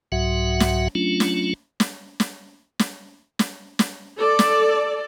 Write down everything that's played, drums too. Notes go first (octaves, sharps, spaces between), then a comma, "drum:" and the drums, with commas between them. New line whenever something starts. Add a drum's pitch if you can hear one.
C2 G#2 F#3 F#4 E5 F#5
drum: snare
F#3 A3 C#4 D4 F4
drum: snare
drum: snare
drum: snare
drum: snare
drum: snare
drum: snare
A4 D5
drum: snare